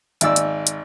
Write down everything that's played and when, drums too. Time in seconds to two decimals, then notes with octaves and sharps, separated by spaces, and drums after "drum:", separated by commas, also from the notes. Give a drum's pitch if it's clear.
0.21 G#1 D5 E6, drum: hi-hat
0.36 drum: hi-hat
0.67 drum: hi-hat